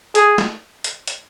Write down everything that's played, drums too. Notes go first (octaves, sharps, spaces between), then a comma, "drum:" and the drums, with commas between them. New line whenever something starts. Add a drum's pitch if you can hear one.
G#4, drum: hi-hat
drum: snare
drum: hi-hat
drum: hi-hat